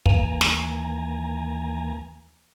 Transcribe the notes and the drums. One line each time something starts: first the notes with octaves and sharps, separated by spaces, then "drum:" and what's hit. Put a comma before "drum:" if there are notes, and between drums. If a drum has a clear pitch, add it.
D#2 E3 A#3 G#5 A#5, drum: kick
drum: snare